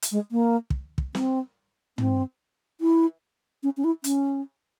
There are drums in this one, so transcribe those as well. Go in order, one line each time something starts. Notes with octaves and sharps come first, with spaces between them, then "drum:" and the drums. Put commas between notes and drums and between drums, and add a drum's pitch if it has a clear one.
drum: hi-hat
G#3
A#3
drum: kick
drum: kick
C4, drum: snare
C4, drum: tom
E4
C#4
C#4
E4
C#4, drum: hi-hat